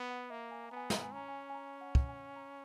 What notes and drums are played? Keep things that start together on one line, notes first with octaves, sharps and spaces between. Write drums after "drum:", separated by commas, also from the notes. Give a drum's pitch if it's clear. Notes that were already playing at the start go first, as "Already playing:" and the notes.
Already playing: B3
F#5
A#3 E5
G#5
A#5
B3 G#5
A#5, drum: snare
G#5
C#4 A#5
G#5
G#5
A#5
F#5
drum: kick
G#5
A#5